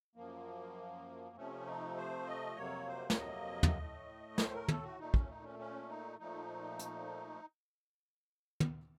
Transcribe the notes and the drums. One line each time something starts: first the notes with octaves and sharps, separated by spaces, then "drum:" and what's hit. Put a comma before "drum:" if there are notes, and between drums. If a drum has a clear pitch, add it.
F#2 F3 A#3
C3 F3 A3 C#4
D#4
C5
D#5
F2 C3 F#3 A#3 C#5
C5
C#5, drum: snare
D#5
drum: tom
A2 A3
C5, drum: snare
A#4
A4, drum: tom
F#4
A#2 A3 D#4
C#4, drum: kick
D#4
C#4
C#4
D#4
A#2 F3 A3 D#4
drum: hi-hat
drum: tom